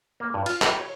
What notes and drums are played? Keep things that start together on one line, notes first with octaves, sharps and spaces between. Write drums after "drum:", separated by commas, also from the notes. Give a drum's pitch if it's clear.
A#3
G2
F4, drum: cymbal
G4, drum: clap
C#5